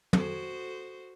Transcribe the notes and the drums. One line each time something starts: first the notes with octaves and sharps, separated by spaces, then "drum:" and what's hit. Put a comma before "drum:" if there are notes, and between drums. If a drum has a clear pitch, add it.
F#4 A4 C5, drum: tom